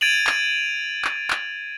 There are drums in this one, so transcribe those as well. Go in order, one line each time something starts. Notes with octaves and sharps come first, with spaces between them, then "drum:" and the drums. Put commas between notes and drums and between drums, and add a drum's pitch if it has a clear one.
G#6 A6 D7 D#7 F7 F#7
drum: clap
drum: clap
drum: clap